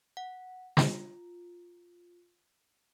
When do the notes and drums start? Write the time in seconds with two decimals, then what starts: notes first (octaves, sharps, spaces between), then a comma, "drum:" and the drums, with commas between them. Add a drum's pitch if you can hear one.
0.17 F#5
0.77 F4, drum: snare